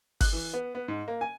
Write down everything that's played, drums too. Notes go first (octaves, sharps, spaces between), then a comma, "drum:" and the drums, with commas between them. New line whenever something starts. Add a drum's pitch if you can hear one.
F#6, drum: kick G#1, open hi-hat
E3
B3
B3
G#2
A#3
G#5